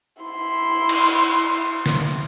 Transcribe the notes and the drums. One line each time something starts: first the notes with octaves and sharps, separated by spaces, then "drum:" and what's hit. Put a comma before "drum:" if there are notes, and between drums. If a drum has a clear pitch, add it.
E4 C6
drum: cymbal
drum: snare